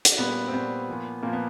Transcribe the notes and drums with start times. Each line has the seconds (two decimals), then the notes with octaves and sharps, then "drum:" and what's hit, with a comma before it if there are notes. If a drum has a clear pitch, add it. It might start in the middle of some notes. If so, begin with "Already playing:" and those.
0.05 drum: hi-hat
0.18 A#2 G3 B3
0.48 C4
0.53 A#2 G3 B3
0.88 A#2 F3
1.23 A#2 F3 A#3
1.33 B3